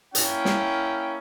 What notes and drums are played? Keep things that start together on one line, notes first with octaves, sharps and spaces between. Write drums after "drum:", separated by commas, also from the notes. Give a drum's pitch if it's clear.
A#3 C#4 E4 G5, drum: hi-hat
drum: snare